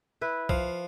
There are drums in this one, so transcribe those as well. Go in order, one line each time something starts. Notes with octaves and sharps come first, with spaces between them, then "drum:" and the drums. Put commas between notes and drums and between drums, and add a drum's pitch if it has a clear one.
E4 B4
F3 F5, drum: kick